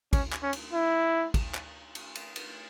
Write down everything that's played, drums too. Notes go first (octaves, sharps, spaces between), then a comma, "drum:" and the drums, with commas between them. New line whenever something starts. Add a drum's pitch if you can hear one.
C#4, drum: kick, cymbal
drum: clap
C#4
drum: cymbal
E4
drum: kick, cymbal
drum: clap
drum: cymbal
drum: cymbal
drum: cymbal